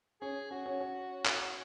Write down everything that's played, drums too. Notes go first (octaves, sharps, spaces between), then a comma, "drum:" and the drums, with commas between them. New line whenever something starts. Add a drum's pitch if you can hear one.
C#4 G#4
C#4 F#4
C#4
C#4
drum: clap